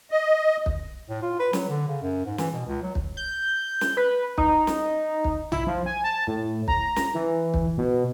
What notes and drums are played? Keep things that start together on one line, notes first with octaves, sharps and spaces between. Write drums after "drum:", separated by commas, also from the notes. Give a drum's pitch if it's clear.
D#5
drum: kick
A2
F4
B4
F#3, drum: snare
D3
C#3
F#2
G#2
E3, drum: snare
B2
C#2
F#3
drum: kick
G6
drum: snare
B4
D#4, drum: kick
drum: snare
drum: kick
E4, drum: tom
F3
G#5
A5
A2
A#5, drum: kick
drum: snare
E3
drum: kick
B2